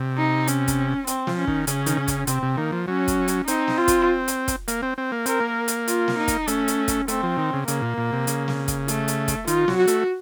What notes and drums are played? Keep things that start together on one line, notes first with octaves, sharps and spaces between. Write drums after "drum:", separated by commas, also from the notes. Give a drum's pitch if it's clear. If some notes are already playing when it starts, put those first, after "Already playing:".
Already playing: C3
D#4
C#4, drum: hi-hat
drum: kick, hi-hat
C4, drum: hi-hat
F3, drum: snare
C#4
D#3, drum: kick
C#3 C#4, drum: hi-hat
D#3, drum: hi-hat
C#3
drum: kick, hi-hat
C3 C4, drum: hi-hat
C3
D#3 A#3
F3
F#3 C#4
drum: kick, hi-hat
drum: hi-hat
C4 D#4, drum: hi-hat
drum: snare
F4
drum: kick, hi-hat
drum: hi-hat
drum: kick, hi-hat
A#3, drum: hi-hat
C4
C4
A#3
C4 A#4, drum: hi-hat
A#3
drum: hi-hat
F4, drum: hi-hat
drum: snare
D#4
drum: kick, hi-hat
A3 C#4, drum: hi-hat
drum: hi-hat
drum: kick, hi-hat
A3 C4, drum: hi-hat
F3
D#3
C#3
C#3 A#3, drum: hi-hat
A#2
A#2
C3
C#3, drum: hi-hat
drum: snare
drum: kick, hi-hat
A3, drum: hi-hat
drum: hi-hat
drum: kick, hi-hat
D#3 F4, drum: hi-hat
F#3, drum: snare
F#4
A3, drum: hi-hat